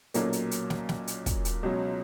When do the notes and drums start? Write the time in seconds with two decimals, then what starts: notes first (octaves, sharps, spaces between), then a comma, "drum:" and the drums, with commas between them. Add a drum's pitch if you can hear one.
0.14 B1 A#2 F#3 A#3 C#4, drum: hi-hat
0.33 drum: hi-hat
0.51 drum: hi-hat
0.70 drum: snare
0.89 drum: snare
1.07 drum: hi-hat
1.26 drum: kick, hi-hat
1.45 drum: hi-hat
1.63 C#2 B2 F#3 C#4